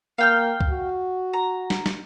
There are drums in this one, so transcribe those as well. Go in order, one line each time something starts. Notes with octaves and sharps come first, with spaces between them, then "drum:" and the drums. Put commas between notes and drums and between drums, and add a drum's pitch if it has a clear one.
A#3 F5 G5 F6
drum: kick C#2
F#4
A#5
drum: snare
drum: snare